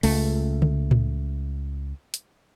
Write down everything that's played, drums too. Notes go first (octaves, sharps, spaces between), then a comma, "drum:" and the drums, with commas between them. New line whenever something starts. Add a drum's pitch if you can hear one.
C#2 A3, drum: open hi-hat
drum: tom C#3
drum: tom A2
drum: hi-hat